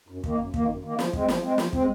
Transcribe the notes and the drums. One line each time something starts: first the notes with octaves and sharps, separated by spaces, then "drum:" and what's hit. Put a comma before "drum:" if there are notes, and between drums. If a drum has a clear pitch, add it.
F#2
D#3 A#3, drum: kick
F#2
D#3 A#3, drum: kick
F#2
D#3 A#3
F3, drum: snare
G#3 C4, drum: kick
F3, drum: snare
G#3 C4
F3, drum: snare
G#3 C4, drum: kick